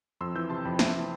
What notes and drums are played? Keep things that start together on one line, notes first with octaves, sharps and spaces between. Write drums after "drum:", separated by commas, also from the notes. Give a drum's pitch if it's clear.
F2 C6 E6
E3 E6 G6
C3 A5 C6
F2 G5 B5
F2 C5 E5, drum: snare
E3